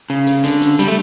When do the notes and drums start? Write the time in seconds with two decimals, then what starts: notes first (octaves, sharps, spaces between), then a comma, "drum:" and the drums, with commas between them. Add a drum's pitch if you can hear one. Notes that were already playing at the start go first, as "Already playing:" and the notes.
0.10 C#3
0.27 drum: hi-hat
0.44 D3, drum: hi-hat
0.61 drum: hi-hat
0.79 G3, drum: hi-hat
0.87 A3